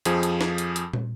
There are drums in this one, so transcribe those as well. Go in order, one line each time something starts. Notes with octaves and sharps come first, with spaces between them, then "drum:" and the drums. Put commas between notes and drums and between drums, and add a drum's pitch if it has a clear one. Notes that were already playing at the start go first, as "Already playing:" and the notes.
F2 F3 G#4, drum: hi-hat
drum: hi-hat
drum: snare
drum: hi-hat
drum: hi-hat
drum: tom